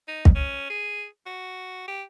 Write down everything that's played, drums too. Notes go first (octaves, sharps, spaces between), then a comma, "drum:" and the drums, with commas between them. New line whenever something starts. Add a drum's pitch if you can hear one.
D#4
drum: kick
C#4
G#4
F#4
G4